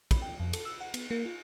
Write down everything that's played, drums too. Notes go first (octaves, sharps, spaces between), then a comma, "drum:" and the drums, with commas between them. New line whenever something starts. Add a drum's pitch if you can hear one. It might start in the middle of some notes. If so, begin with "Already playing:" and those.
B5, drum: kick, cymbal
G5
F2
A4, drum: cymbal
E6
F#5
B3, drum: cymbal
A#3
F4